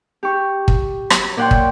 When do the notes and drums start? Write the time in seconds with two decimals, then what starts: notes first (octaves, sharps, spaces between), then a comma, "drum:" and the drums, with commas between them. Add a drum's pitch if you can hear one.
0.23 G4 C#6
0.68 drum: kick
1.10 F#3, drum: rim click
1.37 A#2 C#5 D5 F#5 G5 C6
1.51 drum: kick